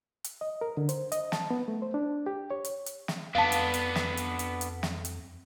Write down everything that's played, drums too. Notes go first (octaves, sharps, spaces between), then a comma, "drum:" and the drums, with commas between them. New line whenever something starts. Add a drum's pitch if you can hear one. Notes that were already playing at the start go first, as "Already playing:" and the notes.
drum: hi-hat
D#5
A#4
D3
C5, drum: hi-hat
D#5, drum: hi-hat
A5, drum: snare
B3
A3
C5
D4
G4
C#5
drum: hi-hat
drum: hi-hat
drum: snare
F2 B3 D4 F5 A5
drum: hi-hat
drum: hi-hat
drum: snare
drum: hi-hat
drum: hi-hat
drum: hi-hat
drum: snare
drum: hi-hat